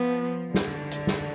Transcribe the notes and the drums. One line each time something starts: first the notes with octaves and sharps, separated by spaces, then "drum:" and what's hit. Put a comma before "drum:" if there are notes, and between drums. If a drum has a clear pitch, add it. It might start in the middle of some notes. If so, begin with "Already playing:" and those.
Already playing: F3 B3
D3, drum: snare
drum: hi-hat
drum: snare